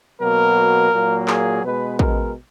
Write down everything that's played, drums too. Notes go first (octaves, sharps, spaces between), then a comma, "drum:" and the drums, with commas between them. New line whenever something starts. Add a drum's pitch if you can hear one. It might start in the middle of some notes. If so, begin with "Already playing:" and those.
B2 F#3 A#3 A#4
A#2 F#3 A#3
G#4, drum: clap
B2 G#3 B4
A#4, drum: kick